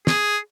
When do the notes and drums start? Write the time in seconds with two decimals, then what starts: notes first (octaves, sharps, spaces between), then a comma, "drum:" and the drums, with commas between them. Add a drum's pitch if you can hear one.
0.07 G#4, drum: snare